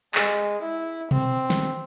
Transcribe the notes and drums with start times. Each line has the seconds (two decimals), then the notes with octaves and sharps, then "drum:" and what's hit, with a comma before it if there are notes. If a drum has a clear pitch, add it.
0.15 G#3, drum: clap
0.62 E4
1.11 C4, drum: tom B2
1.50 drum: snare